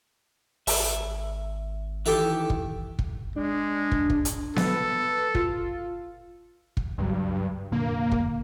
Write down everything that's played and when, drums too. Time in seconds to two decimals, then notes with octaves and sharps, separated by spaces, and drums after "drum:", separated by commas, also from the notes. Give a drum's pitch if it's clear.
0.67 G#1 E5, drum: open hi-hat
2.06 D#3 E3 G4 A4 E5
2.50 drum: kick
2.99 drum: kick
3.36 G#3 D4
3.92 drum: kick
4.10 drum: kick
4.25 drum: hi-hat
4.56 A4 B4, drum: snare B3
5.35 F4, drum: kick
6.77 drum: kick
6.98 C#2 G2 F#3
7.72 F1 A#2 D3 A#3
8.12 drum: kick